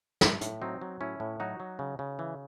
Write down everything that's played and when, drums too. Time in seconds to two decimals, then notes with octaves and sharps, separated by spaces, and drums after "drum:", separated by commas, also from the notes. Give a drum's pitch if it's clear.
0.21 A2, drum: snare
0.41 A2, drum: hi-hat
0.62 F#3 C4 D#4
0.81 F#3
1.01 A2 C#4 E4
1.20 A2
1.40 F#3 D#4 F#4
1.60 F#3
1.79 C#3
1.99 C#3
2.19 E3